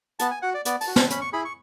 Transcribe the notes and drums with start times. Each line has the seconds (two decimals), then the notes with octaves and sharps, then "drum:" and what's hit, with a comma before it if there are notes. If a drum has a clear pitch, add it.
0.20 B3 A5, drum: hi-hat
0.31 G#5
0.42 F#4 F#5
0.54 D5
0.65 B3 D5, drum: hi-hat
0.81 A5, drum: open hi-hat
0.87 F#4
0.96 A5, drum: snare
1.10 C#4 B5, drum: hi-hat
1.21 C#6
1.33 E4 G#4 B5
1.45 C#6